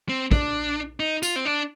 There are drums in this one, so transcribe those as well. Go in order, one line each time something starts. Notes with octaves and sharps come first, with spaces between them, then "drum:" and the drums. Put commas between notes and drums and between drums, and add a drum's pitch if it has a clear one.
C4
D4, drum: kick
D#4
F4, drum: tambourine
C4
D4